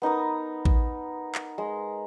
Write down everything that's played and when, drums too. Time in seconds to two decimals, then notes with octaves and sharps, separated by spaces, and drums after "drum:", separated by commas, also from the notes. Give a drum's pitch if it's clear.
0.02 B3 D#4 A#4 D#6
0.65 drum: kick
1.35 drum: clap
1.58 G#3